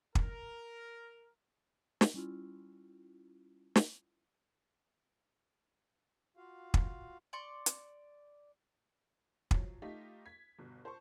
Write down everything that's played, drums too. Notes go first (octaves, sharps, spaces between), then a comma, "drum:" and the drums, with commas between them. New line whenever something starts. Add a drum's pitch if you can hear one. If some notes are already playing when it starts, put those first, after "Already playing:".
A#4, drum: kick
drum: snare
G3 C#4 E4 F4
drum: snare
F4 F#4 F5
drum: kick
D5 C6 C#6
drum: hi-hat
F3 F#3, drum: kick
A3 D#4 F4 G4 B6
G#6 B6
G1 B2
C5 A5 C6 C#6